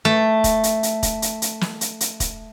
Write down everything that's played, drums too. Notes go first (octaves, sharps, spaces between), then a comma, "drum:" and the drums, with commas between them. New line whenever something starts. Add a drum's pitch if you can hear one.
A3
drum: kick, hi-hat
drum: hi-hat
drum: hi-hat
drum: kick, hi-hat
drum: hi-hat
drum: hi-hat
drum: snare
drum: hi-hat
drum: hi-hat
drum: kick, hi-hat